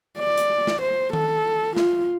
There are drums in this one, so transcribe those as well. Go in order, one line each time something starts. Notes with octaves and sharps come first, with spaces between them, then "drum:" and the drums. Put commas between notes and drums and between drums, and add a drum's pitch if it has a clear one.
D5
drum: hi-hat
drum: snare
C5
A4, drum: tom D#3
F4, drum: snare